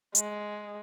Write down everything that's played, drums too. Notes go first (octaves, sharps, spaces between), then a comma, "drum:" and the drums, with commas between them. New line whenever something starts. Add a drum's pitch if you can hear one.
G#3, drum: hi-hat